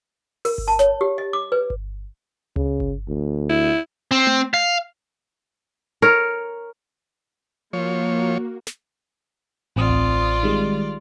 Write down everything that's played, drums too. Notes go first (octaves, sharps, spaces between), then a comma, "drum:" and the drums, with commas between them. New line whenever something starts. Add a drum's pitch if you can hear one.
A#4, drum: open hi-hat
drum: kick G1
A5
C#5, drum: snare
G4
D#5
D6
B4
drum: kick G1
C#3, drum: tom C#2
drum: kick G1
D2
E4
C4
drum: tom A3
F5
A#4 C#5
F3 A#3 F#4 C#5
drum: snare
A1 C4 F4 D5 D#6
drum: tom C#2
D#3 G3 G#3